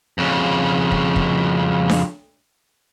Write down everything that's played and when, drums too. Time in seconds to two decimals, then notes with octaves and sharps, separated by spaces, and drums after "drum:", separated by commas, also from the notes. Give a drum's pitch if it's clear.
0.18 F2 C#3
0.91 drum: kick
1.16 drum: kick
1.89 drum: snare D4